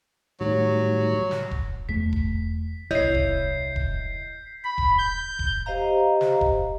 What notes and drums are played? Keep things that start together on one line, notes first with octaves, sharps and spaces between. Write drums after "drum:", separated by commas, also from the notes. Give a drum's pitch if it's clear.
A2 D#3 F#3 G3
drum: snare
drum: kick E1
E2 A3 B6
drum: kick E1
D#1 C2 E4 C#5 D#5 G6 C7
drum: kick E1
drum: kick E1
B5
drum: kick E1
G6
drum: kick E1
G4 C5 D#5 F5 A#5
drum: snare
drum: kick E1